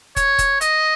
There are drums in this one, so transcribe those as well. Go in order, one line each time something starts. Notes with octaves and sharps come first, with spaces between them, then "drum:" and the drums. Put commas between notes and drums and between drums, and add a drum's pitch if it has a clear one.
C#5, drum: kick, hi-hat
drum: kick, hi-hat
D#5, drum: hi-hat